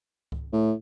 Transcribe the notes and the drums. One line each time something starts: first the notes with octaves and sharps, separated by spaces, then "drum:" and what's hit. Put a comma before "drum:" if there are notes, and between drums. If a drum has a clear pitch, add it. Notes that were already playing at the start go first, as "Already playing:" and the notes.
drum: kick C#2
A2